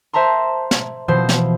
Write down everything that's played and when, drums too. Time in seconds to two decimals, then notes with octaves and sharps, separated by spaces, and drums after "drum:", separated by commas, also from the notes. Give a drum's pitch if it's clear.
0.13 C5 E5 A5 A#5 C6
0.71 drum: snare
1.08 B2 E3 F3 C5
1.29 drum: snare